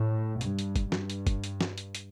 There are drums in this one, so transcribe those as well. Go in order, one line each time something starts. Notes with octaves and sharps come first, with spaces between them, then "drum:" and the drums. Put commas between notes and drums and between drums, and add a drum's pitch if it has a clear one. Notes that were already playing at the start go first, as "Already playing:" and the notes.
Already playing: A2
G2, drum: hi-hat
drum: hi-hat
drum: kick, hi-hat
G2, drum: snare
drum: hi-hat
drum: kick, hi-hat
drum: hi-hat
drum: snare
drum: hi-hat
drum: hi-hat